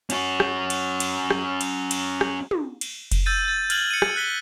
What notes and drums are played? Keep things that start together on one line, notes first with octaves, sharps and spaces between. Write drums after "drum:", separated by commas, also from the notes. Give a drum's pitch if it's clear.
C#4 F#4, drum: cymbal
drum: rim click
drum: cymbal
drum: cymbal
drum: rim click
drum: cymbal
drum: cymbal
drum: rim click
drum: tom
drum: cymbal
drum: kick F1, cymbal
E6 G6 A6 D#7
G6 A6
F6 G#6 A6 F#7, drum: cymbal
C#7 D#7
drum: rim click
F#6 B6 G7